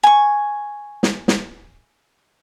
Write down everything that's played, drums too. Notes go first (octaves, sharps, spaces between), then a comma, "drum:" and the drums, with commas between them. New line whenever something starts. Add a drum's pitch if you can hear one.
G#5 C#6
drum: snare
drum: snare